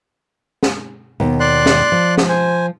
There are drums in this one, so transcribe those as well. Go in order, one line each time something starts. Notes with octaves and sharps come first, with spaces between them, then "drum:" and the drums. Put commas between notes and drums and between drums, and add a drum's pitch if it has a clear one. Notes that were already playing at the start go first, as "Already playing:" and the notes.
drum: snare
D#2 B2
D5 C6 F#6
drum: snare
F3
drum: snare
C5 G#5